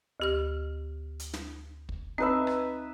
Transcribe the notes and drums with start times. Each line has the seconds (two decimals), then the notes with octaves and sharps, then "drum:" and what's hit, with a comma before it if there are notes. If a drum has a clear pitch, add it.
0.20 D2 G4 F6
1.20 drum: hi-hat
1.33 drum: snare
1.89 drum: kick
2.18 C4 D#4 B4 E5
2.47 drum: rim click